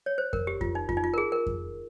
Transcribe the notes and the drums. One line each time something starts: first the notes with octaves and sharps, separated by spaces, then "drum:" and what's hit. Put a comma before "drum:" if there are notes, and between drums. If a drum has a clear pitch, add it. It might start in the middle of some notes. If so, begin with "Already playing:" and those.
C#5
C5
A#4, drum: kick F2
G4
F4, drum: kick F2
D#4
F4, drum: kick F2
D#4
F4
A#4
G#4
A#4
drum: kick F2